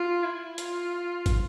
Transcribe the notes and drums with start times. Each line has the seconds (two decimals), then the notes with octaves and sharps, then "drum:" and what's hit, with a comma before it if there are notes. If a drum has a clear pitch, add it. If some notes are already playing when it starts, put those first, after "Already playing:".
Already playing: F4
0.24 E4
0.58 F4, drum: hi-hat
1.26 drum: kick, hi-hat